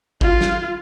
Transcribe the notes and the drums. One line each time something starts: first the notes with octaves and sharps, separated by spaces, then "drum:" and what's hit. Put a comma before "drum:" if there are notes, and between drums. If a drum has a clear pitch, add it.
F4, drum: kick G#1
drum: snare